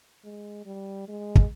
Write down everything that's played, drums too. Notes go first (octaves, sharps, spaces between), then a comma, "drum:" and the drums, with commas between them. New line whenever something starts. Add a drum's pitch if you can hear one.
G#3
G3
G#3
drum: kick